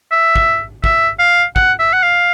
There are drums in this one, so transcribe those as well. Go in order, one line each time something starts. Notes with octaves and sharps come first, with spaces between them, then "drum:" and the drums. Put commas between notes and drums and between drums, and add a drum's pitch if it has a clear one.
E5
drum: kick
E5, drum: kick
F5
F#5, drum: kick
E5
F#5
F5